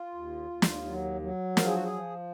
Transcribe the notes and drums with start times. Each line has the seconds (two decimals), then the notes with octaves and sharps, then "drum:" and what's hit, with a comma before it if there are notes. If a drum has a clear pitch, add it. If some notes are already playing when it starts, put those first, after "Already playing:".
Already playing: F4
0.15 D#2
0.50 D#2
0.62 drum: snare
0.86 F#3
1.21 F#3
1.57 F3 A#4, drum: snare
1.66 G#4
1.75 F#4
1.83 G#4
1.92 F3